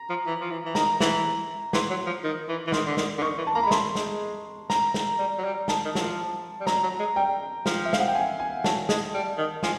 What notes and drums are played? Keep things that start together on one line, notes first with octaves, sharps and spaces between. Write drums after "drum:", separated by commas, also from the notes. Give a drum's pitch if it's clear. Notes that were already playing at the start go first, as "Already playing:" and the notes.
Already playing: A#5
F3
E3
F3
E3
E3
D#3 A#5, drum: snare
E3, drum: snare
E3 C6, drum: snare
F#3
F3
D#3
E3
E3
D#3 C6, drum: snare
D3
D#3, drum: snare
D3
D#3 C#6
E3
A5
A#3 A#5
B5
G#3
A3 C6, drum: snare
G#3, drum: snare
A#5, drum: snare
drum: snare
G3
F#3
G3
D#3 A5, drum: snare
D#3
F#3, drum: snare
F3
G3
F#3 A#5, drum: snare
F#3
G#3
G3 G5
F3, drum: snare
E5
F5, drum: snare
F#5
G5
G#5
G#5
F#3 A5, drum: snare
G#3, drum: snare
G3
D#3
F3 G#5, drum: snare